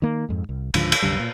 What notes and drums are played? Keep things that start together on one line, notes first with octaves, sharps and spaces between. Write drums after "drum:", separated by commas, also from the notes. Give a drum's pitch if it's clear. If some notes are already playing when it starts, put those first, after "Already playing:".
D#3 A#3
F2 G#2
C2
C#2 G#2 D3 F3, drum: cymbal
drum: cymbal
C2 F#2 D3 G3
A#2